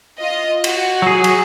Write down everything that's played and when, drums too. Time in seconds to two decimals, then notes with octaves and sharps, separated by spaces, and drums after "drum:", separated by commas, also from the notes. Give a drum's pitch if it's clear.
0.19 F4 D#5
0.64 F#4, drum: cymbal
1.02 F#3 G#4
1.24 drum: cymbal